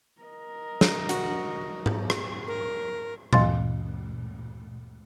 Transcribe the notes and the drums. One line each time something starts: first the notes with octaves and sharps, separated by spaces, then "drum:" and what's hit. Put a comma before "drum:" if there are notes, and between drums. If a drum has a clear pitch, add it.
A#4 D#5
drum: snare
F#4, drum: hi-hat
drum: tom G#2
drum: rim click
A#4
D2 G2 E3 F5 C6 A6, drum: tom A#2